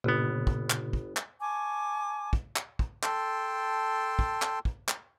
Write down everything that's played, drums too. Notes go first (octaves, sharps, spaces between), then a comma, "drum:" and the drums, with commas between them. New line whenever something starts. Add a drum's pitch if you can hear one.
G1 A#2 C#3 B3
drum: kick
drum: clap
drum: kick
drum: clap
G#5 A5 C#6 D6
drum: kick
drum: clap
drum: kick
A4 G5 A5 C6, drum: clap
drum: kick
drum: clap
drum: kick
drum: clap